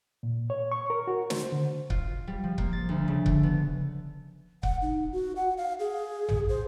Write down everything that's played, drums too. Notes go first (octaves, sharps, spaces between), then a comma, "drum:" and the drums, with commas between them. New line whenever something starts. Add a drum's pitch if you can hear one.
A#2
C#5
C#6
A#4
F#4
C5, drum: snare
D3
F4, drum: kick C#1
G3
F3
A#3, drum: kick C#1
A6
D2
C#3
D3, drum: kick C#1
B3
F#5, drum: kick C#1
D#4
F#4
F#5
F5
G#4
drum: tom A1
C5